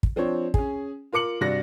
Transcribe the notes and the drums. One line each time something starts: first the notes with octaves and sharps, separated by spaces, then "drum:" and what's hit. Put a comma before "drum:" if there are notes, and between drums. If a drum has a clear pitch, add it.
drum: kick
F3 C4 D4 C#5
C#4 G#4, drum: kick
F4 A#4 D6 C#7 F#7
G2 C3 F#4 D5 A#6